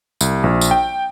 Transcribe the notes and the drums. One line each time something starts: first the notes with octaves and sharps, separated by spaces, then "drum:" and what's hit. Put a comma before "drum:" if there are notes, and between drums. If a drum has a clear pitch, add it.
C2, drum: tambourine
A#1
drum: tambourine
G5